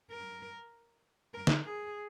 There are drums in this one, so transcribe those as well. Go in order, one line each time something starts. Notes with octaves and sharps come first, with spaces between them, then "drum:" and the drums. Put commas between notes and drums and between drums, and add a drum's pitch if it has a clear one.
A#4
A#4
drum: snare D3
G#4